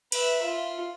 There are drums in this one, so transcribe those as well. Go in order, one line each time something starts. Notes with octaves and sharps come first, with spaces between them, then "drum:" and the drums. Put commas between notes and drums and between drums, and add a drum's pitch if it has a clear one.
B4 E5, drum: cymbal
F4